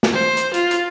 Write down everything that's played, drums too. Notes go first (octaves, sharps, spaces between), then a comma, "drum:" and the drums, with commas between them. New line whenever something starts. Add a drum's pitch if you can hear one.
drum: snare
C5
drum: hi-hat
F4, drum: hi-hat
drum: hi-hat